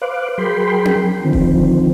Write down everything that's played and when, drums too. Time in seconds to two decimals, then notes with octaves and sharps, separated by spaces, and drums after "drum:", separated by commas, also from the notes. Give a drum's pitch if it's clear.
0.02 B4 C5 F5 D6 F#6
0.38 F#3 G#4 A#4 G5 B5 C6
0.85 drum: tom C4
1.24 D3 D#3 F3 C4
1.33 drum: kick E1